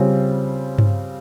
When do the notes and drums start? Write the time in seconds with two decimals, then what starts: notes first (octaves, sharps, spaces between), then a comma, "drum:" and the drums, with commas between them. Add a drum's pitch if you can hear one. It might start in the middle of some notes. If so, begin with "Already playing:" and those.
Already playing: C#3 G3 C4 F4
0.78 drum: tom G2